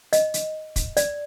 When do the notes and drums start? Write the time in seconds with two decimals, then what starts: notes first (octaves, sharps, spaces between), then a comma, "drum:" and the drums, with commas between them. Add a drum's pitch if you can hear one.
0.13 D#5, drum: hi-hat
0.34 drum: hi-hat
0.76 drum: kick, hi-hat
0.97 D5, drum: hi-hat